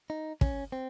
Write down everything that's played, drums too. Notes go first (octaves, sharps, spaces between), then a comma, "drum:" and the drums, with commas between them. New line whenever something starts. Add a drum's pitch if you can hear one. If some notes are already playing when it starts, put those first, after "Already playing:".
D#4
C#4, drum: kick
C4